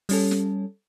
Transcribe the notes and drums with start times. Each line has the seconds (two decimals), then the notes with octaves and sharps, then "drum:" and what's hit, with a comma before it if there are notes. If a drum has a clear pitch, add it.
0.09 G3 C#4 A4, drum: open hi-hat
0.31 drum: snare